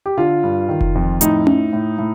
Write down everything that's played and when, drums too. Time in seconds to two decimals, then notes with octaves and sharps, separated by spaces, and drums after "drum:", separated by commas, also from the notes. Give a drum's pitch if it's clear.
0.06 G4
0.17 D3 F4
0.43 G2
0.69 D#3
0.81 drum: kick F1
0.95 F2
1.21 A2 D#4, drum: hi-hat
1.47 A2, drum: tom C#4
1.73 A2
1.99 A2